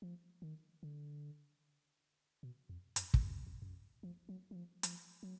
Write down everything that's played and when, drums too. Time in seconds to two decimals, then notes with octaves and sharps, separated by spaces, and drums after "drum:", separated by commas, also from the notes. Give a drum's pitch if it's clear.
0.02 F3
0.42 D#3
0.83 D3
2.43 B2
2.69 F2
2.96 F#2, drum: hi-hat
3.14 drum: kick
3.23 F#2
3.31 F2
3.47 F2
3.62 F#2
4.03 F3
4.29 F#3
4.51 F#3
4.56 F3
4.83 F3, drum: hi-hat
5.23 F#3